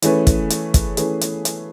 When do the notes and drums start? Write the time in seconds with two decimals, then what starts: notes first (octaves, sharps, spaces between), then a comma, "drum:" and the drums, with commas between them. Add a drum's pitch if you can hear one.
0.02 E3 A3 C#4 G#4 B4, drum: hi-hat
0.27 drum: kick, hi-hat
0.50 drum: hi-hat
0.74 drum: kick, hi-hat
0.97 E3 A3 C#4 G#4 B4, drum: hi-hat
1.21 drum: hi-hat
1.45 drum: hi-hat